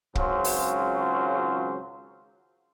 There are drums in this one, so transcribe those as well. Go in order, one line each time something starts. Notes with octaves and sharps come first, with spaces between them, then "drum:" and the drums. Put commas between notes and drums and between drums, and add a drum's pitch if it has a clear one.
G#1 C#2 F#3 C#4 F4 C5, drum: kick
drum: open hi-hat